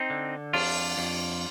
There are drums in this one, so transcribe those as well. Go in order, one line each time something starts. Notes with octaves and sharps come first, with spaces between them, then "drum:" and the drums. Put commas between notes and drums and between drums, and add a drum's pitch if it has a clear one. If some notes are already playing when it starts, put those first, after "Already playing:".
Already playing: C4 D#4
D3
F2 D4 F4, drum: cymbal
F2